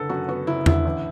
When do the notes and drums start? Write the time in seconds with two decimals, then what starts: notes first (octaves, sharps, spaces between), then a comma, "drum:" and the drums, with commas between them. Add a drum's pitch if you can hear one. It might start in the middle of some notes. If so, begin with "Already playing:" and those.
Already playing: F#1 D3 A4 B4
0.09 F#2 F#4
0.28 B3 F#4
0.47 F#1 E4
0.66 D3 E4, drum: tom E2
0.85 A1